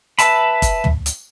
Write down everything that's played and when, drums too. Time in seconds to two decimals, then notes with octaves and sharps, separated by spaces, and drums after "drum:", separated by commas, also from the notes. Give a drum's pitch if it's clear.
0.19 B4 E5 A5 B5, drum: hi-hat
0.62 drum: kick, hi-hat
0.84 drum: tom
1.06 drum: hi-hat